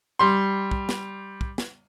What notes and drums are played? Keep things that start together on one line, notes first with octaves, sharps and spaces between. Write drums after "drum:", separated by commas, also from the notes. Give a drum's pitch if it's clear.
G3 C6
drum: kick
drum: snare
drum: kick
drum: snare